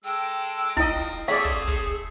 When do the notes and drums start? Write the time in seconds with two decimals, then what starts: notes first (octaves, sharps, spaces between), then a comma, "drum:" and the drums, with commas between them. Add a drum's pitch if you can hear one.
0.04 G#3 A4 G5 E6
0.77 F3 D#4 E4 D#5, drum: kick, hi-hat
1.28 A3 C4 G#4 C#5 D5 F5 G#5
1.45 drum: kick
1.68 drum: kick, hi-hat